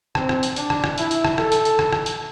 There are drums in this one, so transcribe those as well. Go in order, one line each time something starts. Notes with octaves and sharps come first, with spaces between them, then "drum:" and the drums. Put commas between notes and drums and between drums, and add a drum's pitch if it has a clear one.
C4, drum: rim click
drum: rim click
drum: hi-hat
D4, drum: hi-hat
drum: rim click
drum: rim click
E4, drum: hi-hat
drum: hi-hat
drum: rim click
A4, drum: rim click
drum: hi-hat
drum: hi-hat
drum: rim click
drum: rim click
drum: hi-hat